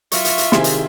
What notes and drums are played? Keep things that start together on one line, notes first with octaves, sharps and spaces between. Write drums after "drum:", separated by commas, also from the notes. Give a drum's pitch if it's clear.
F#3 F4 E5 C#6, drum: hi-hat
drum: hi-hat
drum: hi-hat
C3 D#3 C4 E4 G#4 C6, drum: snare
drum: hi-hat